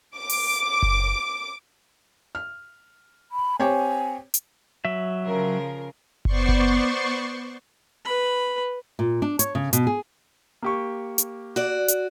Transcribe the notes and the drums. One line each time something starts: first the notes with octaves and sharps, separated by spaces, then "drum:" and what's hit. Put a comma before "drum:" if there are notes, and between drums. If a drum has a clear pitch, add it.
D6
drum: open hi-hat
drum: kick F#1
F6
B5
C4 G4 C#5 G#5
drum: hi-hat
F#3 E5
C#3 F3 A#4
B3 C5 D5 C6 C#6, drum: kick F#1
drum: kick F#1
B4 B5
A#2
D4
C#5, drum: hi-hat
C#3
B2, drum: hi-hat
G#4
A#3 G4 C#6
drum: hi-hat
F#4 D5
drum: hi-hat